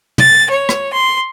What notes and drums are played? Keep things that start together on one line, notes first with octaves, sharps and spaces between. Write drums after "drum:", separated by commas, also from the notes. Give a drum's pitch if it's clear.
A6, drum: tom
C#5
drum: rim click
C6